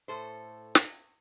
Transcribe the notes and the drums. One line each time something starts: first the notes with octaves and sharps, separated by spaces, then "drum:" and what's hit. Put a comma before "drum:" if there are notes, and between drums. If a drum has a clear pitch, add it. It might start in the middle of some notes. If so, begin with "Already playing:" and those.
A2 A4 C5
drum: snare